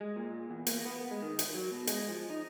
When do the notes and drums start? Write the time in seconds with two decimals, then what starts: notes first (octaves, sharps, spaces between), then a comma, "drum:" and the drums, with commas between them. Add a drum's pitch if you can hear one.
0.01 G#3
0.16 A#2
0.50 E2
0.67 A#3, drum: hi-hat
0.85 B3
1.11 G#3
1.22 D#3
1.39 drum: hi-hat
1.54 F#3
1.71 B2
1.87 G#3, drum: hi-hat
2.08 F3
2.30 D#4